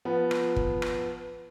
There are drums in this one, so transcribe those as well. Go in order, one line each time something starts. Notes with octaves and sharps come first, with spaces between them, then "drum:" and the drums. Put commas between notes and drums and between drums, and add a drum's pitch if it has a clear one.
F3 B3
drum: rim click
drum: kick
drum: rim click